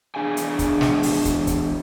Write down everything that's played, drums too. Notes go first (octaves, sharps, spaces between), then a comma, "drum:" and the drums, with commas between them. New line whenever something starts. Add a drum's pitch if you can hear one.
E2 A#3 D4 G#4 F5 G#5
drum: hi-hat
drum: kick, hi-hat
drum: snare
drum: open hi-hat
drum: kick, hi-hat
drum: kick, hi-hat